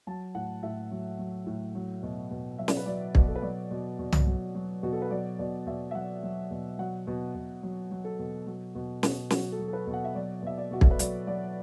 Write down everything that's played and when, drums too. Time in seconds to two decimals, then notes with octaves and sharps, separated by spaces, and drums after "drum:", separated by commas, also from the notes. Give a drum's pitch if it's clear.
0.07 F#3 A5
0.35 A2 F#5
0.63 A2 E5
0.91 F#3
1.19 F#3
1.46 A2
1.75 F#3
2.03 B2
2.31 B2
2.58 F#3 E5
2.68 D5, drum: snare
2.77 B4
2.86 F#3 D5
3.15 B2, drum: kick
3.28 A4
3.36 B4
3.42 F#3 D5
3.71 B2
3.99 B2
4.12 drum: tom C2
4.27 F#3
4.55 F#3
4.83 B2 F#4
4.93 A4
5.02 B4
5.11 F#3 D5
5.39 B2 D5
5.66 B2 E5
5.91 E5
5.94 F#3 F#5
6.23 F#3
6.51 B2
6.79 F#3 F#5
7.07 B2
7.35 B2
7.63 F#3
7.91 F#3
8.05 A4
8.19 B2
8.47 F#3
8.75 B2
9.03 B2, drum: snare
9.30 F#3 F#4, drum: snare
9.52 A4
9.59 F#3
9.68 A4
9.73 B4
9.87 B2
9.94 F#5
10.04 E5
10.15 F#3 D5
10.43 B2 E5
10.58 D5
10.71 B2 F#4
10.81 A4, drum: kick
10.91 B4
10.99 F#3 D5, drum: hi-hat
11.27 F#3 D5